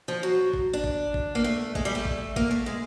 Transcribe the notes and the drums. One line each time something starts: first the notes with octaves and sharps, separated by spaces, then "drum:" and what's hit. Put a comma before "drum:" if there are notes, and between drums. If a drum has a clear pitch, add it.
F3
F#3
drum: kick
D4
drum: kick
drum: kick
A#3
A3
G#3, drum: kick
G3
A3
drum: kick
A#3, drum: kick
A3
G#3